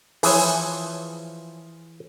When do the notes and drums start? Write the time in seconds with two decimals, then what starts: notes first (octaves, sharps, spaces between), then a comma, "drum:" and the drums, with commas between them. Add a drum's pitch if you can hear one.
0.23 E3 F3 G#4 C#5, drum: open hi-hat